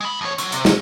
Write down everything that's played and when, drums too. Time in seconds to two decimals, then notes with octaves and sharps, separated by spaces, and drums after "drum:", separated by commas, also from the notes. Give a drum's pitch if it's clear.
0.01 G#3 B5
0.21 F2 C#5
0.38 D3 F#3, drum: hi-hat
0.52 C3, drum: hi-hat
0.65 drum: snare